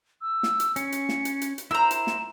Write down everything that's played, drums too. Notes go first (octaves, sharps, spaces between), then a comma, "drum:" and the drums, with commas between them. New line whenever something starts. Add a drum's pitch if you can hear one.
E6
drum: snare
drum: hi-hat
C#4 C#7, drum: hi-hat
drum: hi-hat
drum: snare
drum: hi-hat
drum: hi-hat
drum: hi-hat
E4 A#4 C5 A#5 E6 E7
drum: hi-hat
drum: snare